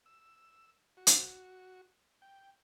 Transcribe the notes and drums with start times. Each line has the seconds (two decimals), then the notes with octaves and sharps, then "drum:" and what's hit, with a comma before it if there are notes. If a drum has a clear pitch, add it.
0.06 E6
0.97 F#4
1.07 drum: hi-hat
2.22 G5